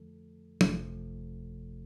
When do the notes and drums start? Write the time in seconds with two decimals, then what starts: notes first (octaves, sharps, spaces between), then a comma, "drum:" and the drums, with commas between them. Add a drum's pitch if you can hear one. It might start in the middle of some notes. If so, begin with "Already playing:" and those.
Already playing: F2 D3 F3 A3 A4
0.61 G1 F2 C3 F3 A3 A4, drum: tom